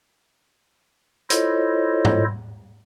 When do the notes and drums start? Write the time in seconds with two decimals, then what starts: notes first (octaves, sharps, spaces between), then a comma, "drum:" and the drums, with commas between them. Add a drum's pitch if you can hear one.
1.30 E4 F4 A4 C5 C#5 D#5, drum: hi-hat
2.05 drum: tom G#2